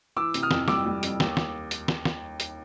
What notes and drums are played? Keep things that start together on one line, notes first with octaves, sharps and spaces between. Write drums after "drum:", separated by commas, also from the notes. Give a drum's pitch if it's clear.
E3 D6 E6
C3, drum: hi-hat
D#6 F6
F2, drum: snare
G3 D6 E6, drum: snare
G3
F2, drum: hi-hat
D#2, drum: snare
drum: snare
drum: hi-hat
drum: snare
drum: snare
drum: hi-hat